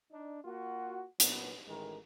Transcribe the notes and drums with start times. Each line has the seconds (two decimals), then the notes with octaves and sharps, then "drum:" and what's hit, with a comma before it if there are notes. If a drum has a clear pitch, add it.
0.12 D4 D#4
0.44 A#3 F4 F#4
1.20 A#2 F#3 B3, drum: hi-hat
1.68 A1 D#3 G#3 A#4